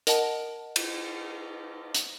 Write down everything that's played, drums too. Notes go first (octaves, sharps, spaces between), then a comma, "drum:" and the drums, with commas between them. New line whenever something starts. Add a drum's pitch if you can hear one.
A#4 D#5 F#5 A5, drum: hi-hat
drum: cymbal
drum: hi-hat